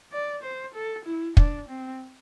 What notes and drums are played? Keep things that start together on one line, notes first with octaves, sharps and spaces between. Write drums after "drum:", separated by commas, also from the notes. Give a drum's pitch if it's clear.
D5
C5
A4
E4
D4, drum: kick
C4